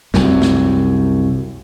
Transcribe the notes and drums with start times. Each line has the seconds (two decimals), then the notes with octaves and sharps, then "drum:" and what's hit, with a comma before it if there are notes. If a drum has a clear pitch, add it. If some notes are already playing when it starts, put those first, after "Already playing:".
0.14 C2 F#2, drum: snare
0.42 drum: snare